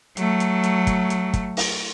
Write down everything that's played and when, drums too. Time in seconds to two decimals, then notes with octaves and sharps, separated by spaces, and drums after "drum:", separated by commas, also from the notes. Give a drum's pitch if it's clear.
0.17 F#3 A3, drum: hi-hat
0.40 drum: hi-hat
0.64 drum: hi-hat
0.87 drum: kick, hi-hat
1.10 drum: hi-hat
1.34 drum: kick, hi-hat
1.57 drum: open hi-hat